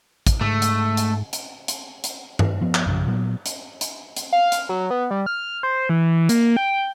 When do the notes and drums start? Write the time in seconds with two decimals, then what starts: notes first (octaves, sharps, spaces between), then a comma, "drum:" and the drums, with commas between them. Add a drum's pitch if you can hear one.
0.27 drum: kick, hi-hat
0.41 G#2 A3
0.62 drum: hi-hat
0.97 drum: hi-hat
1.33 drum: hi-hat
1.68 drum: hi-hat
2.04 drum: hi-hat
2.39 drum: tom G2
2.61 F3 B3
2.75 drum: clap
2.86 A#1 F#2 C#3 F3
3.07 A#2 F#3 B3
3.46 drum: hi-hat
3.81 drum: hi-hat
4.17 drum: hi-hat
4.33 F5
4.52 drum: hi-hat
4.69 F#3
4.91 B3
5.11 G3
5.26 F6
5.63 C5
5.89 E3
6.29 A#3, drum: hi-hat
6.57 G5